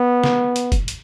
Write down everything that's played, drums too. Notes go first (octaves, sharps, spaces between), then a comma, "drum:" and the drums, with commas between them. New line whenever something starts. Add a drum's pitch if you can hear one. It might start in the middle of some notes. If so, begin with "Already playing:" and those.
Already playing: B3
drum: snare
drum: hi-hat
drum: kick, hi-hat
drum: hi-hat